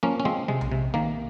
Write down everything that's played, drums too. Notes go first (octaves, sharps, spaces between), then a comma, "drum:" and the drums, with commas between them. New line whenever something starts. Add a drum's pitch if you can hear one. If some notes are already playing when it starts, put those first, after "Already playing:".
F3 A#3 C#4
C#4
F3 G#3 C4
C3 G#3
drum: tom B1
C3
D#3 A#3